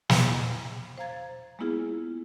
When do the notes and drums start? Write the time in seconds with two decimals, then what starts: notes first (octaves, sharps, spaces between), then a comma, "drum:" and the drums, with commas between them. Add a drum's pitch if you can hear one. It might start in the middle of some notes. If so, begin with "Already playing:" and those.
0.10 E2, drum: snare
0.98 C5 F5 A#5 G#6 A6
1.59 G#3 A#3 B3 E4 F4 G#4